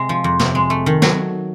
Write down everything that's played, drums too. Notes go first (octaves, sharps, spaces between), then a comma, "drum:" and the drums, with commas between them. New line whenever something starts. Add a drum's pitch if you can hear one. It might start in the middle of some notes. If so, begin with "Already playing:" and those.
Already playing: C3 G#3
F3
F2
C3, drum: snare
G#3
A3
D#3
F#3, drum: snare